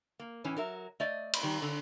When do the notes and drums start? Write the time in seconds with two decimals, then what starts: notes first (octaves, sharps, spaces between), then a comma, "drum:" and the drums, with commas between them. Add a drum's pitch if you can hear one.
0.20 A#3
0.44 A2 E3 C#4
0.56 F#3 A#4 E5
1.00 A3 D5 D#5
1.33 drum: cymbal
1.43 D#3 G3
1.62 D3